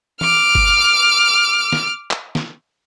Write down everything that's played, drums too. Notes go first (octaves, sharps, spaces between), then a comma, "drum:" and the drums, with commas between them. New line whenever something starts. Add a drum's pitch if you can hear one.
D6 F6, drum: tom E3
drum: kick G1
drum: snare
drum: clap
drum: snare